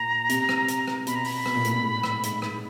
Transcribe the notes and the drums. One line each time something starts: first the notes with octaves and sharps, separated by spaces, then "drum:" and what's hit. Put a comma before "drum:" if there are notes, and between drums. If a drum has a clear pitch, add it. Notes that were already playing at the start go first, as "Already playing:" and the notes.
Already playing: A#2 A#5
C3, drum: hi-hat
drum: rim click
drum: hi-hat
drum: rim click
B2 B5, drum: hi-hat
A#5
B5, drum: open hi-hat
B2, drum: rim click
A#2
A2, drum: hi-hat
A#2
A2
drum: rim click
G#2, drum: hi-hat
drum: rim click